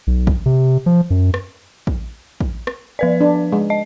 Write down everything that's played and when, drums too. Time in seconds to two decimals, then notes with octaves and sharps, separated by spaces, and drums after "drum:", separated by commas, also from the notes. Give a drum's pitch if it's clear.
0.07 B1
0.27 drum: kick
0.46 C3
0.86 F3
1.10 F#2
1.34 drum: rim click
1.87 drum: kick
2.41 drum: kick
2.67 drum: rim click
2.99 F3 B4 D5
3.21 D4
3.52 G#3
3.70 D#5